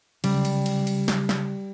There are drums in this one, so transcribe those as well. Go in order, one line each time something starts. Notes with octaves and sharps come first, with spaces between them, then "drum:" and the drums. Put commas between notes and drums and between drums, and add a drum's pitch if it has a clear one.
C#3 G3, drum: cymbal
drum: cymbal
drum: cymbal
drum: cymbal
drum: snare
drum: snare